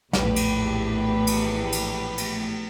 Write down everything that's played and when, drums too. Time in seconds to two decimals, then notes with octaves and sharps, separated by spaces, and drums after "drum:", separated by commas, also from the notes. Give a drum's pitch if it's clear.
0.13 A#1 E2 A2 G4 B4, drum: snare
0.36 drum: cymbal
1.27 drum: cymbal
1.72 drum: cymbal
2.18 drum: cymbal